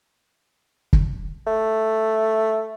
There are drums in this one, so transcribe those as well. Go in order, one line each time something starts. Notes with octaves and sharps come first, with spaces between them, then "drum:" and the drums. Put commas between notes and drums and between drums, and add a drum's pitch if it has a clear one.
drum: kick
A3